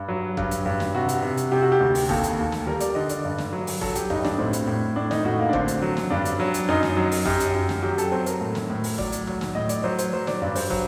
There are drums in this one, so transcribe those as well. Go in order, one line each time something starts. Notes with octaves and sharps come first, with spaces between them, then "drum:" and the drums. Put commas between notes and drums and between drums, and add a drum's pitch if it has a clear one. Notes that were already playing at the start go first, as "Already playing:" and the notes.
Already playing: G2
F#3
G2, drum: kick
drum: hi-hat
G2
drum: snare
C3 F#4
drum: hi-hat
C3
drum: hi-hat
C3 G4
F#4
G4
D2
drum: open hi-hat
D#2 A4, drum: kick
drum: hi-hat
D#2
drum: snare
G3 A#4
D5, drum: hi-hat
D3 D#5
D5, drum: hi-hat
G2
drum: snare
F#3
drum: open hi-hat
F#3 A4, drum: kick
G4, drum: hi-hat
G2 D#4, drum: tom C#2
D4, drum: snare
A2 C4
drum: hi-hat
A2
A2 D4
D#4, drum: snare
A2 F#4
A#3
D4
D3 C4, drum: kick
drum: hi-hat
F#3
drum: snare
G2 D4
drum: hi-hat
F#3
drum: hi-hat
F#2 D#4
drum: snare
F#3
drum: open hi-hat
F#2 G4, drum: kick
drum: hi-hat
F#2
drum: snare
F#3 G4
A4, drum: hi-hat
F#3 C4
A#4, drum: hi-hat
A2
drum: snare
A2
drum: open hi-hat
F#3 D5, drum: kick
drum: hi-hat
F#3, drum: tom C#2
drum: snare
A2 D#5
D5, drum: hi-hat
F#3 C5
C5, drum: hi-hat
F#3 C5
D5, drum: snare
G2 D5
C5, drum: open hi-hat
F#3, drum: kick